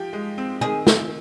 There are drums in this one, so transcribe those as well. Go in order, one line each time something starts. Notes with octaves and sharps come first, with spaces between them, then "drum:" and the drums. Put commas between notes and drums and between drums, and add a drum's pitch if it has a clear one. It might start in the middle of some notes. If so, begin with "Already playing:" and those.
Already playing: F3 G4
G#3
C4
D#3 G#4
D#3, drum: snare